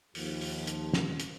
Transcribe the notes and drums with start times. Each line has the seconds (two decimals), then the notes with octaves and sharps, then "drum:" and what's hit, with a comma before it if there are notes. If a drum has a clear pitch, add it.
0.15 D#2 F3, drum: open hi-hat
0.41 drum: open hi-hat
0.67 drum: hi-hat
0.93 drum: snare
1.20 drum: hi-hat